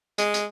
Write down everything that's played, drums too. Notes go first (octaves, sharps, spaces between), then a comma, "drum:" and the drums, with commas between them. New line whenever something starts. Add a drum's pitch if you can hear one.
G#3, drum: hi-hat
drum: hi-hat